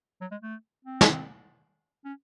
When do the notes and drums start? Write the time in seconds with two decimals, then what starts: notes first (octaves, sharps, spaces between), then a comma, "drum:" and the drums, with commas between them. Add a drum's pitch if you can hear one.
0.21 F#3
0.31 G#3
0.42 A3
0.85 C4
1.01 drum: snare
2.05 C#4